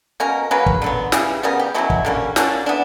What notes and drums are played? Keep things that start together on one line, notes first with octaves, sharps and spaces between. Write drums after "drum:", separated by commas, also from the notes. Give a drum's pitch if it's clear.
B2 A#3 C#4 A#4
C#3 F#3 A#3 C#4 B4
drum: kick
D3 F#3 B3
C#3 E3 G3, drum: snare
C#3 G3 B3 A#4
G4
B2 F#3 C#4 E4
drum: kick
D3 G3 A#3 C#4
D3 A#3 C#4 D4, drum: snare
E3 B3 D4